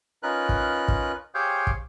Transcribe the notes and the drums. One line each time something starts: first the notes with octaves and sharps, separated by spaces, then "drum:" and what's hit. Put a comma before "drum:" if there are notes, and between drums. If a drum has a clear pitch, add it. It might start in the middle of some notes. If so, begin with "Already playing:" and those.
C#4 D#4 F4 A#4 B4 F#6
drum: kick
drum: kick
G4 G#4 C5 C#5 F5 G5
drum: kick